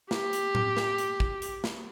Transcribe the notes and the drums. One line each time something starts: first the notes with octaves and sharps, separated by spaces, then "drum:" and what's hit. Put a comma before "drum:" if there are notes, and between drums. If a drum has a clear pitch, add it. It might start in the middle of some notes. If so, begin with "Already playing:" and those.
G4, drum: snare
drum: hi-hat
drum: tom A2
drum: snare
drum: hi-hat
drum: kick
drum: hi-hat
drum: snare